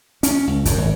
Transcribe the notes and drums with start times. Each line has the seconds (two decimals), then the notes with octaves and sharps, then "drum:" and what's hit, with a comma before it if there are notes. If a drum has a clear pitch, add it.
0.23 C#4, drum: hi-hat
0.47 C#2
0.65 F#2, drum: kick, hi-hat
0.78 G#1